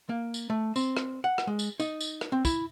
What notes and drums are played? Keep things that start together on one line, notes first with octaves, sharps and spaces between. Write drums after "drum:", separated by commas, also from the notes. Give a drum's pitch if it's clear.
A#3
drum: tambourine
A3
C4, drum: tambourine
drum: rim click
F#5
drum: rim click
G#3
drum: tambourine
D#4, drum: tambourine
drum: tambourine
drum: rim click
C4
E4, drum: kick, tambourine